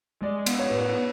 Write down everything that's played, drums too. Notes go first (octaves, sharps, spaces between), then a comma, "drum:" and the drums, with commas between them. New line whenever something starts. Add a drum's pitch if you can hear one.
G#3 D5
B3, drum: cymbal
C#5
A2 B4
C#5